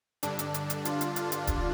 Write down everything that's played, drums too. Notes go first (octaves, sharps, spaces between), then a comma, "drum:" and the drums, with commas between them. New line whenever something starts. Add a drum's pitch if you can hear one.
G2 D3 D4, drum: hi-hat
drum: hi-hat
drum: hi-hat
drum: hi-hat
F4, drum: hi-hat
drum: hi-hat
F4, drum: hi-hat
drum: hi-hat
drum: kick D#1, hi-hat